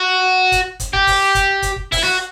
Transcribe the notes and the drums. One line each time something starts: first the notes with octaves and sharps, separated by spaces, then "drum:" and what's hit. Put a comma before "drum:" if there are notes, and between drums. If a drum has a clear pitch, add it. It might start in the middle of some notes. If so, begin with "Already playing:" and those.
Already playing: F#4
drum: kick, hi-hat
drum: kick, hi-hat
G4, drum: kick
drum: kick, open hi-hat
drum: kick, hi-hat
drum: kick, hi-hat
drum: kick
E4, drum: kick, open hi-hat
F#4